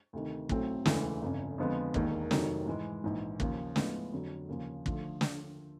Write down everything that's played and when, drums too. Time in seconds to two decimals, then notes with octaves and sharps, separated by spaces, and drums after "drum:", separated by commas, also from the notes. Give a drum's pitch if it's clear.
0.13 D2 C3 D#3
0.49 B1 A2 F#3 A3 C4, drum: kick
0.86 E1 D2 C#3 E3 G#3, drum: snare
1.22 G1 F2 C#3
1.58 F2 D3 F3 G#3 B3
1.94 E1 D#2 D#3, drum: kick
2.31 F1 F2 C3 D#3 F#3, drum: snare
2.66 G#2 E3 G#3
3.04 A#1 G#2 E3
3.40 D#2 C#3 F3, drum: kick
3.76 A2 F3 G#3 B3, drum: snare
4.12 F2 D3 F#3
4.49 D#2 C#3 F3
4.86 D3 F3 A3, drum: kick
5.21 drum: snare